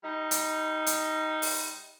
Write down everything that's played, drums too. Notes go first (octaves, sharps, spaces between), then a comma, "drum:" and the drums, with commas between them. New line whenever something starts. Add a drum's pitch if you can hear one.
G3 D#4
drum: hi-hat
drum: hi-hat
drum: open hi-hat